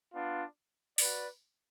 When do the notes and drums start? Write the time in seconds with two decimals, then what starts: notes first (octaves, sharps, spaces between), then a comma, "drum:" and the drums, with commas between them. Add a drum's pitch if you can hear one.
0.14 B3 D4 F4
0.98 F#4 B4 D5, drum: open hi-hat